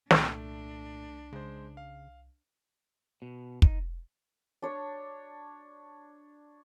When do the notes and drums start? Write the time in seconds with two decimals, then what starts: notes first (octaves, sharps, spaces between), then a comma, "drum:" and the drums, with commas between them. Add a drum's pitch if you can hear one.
0.11 C2 A#2 A3 D4, drum: snare
1.32 C#3 G#3 C5
1.77 F5
3.22 B2
3.62 D#4, drum: kick
4.62 D4 C#5